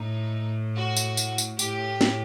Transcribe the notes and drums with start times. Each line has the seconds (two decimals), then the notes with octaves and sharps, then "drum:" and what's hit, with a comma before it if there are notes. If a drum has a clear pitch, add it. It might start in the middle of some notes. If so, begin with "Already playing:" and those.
Already playing: A2 D#4
0.76 F#4
0.97 drum: tambourine
1.17 drum: tambourine
1.38 drum: tambourine
1.59 A2 G4, drum: tambourine
2.01 drum: snare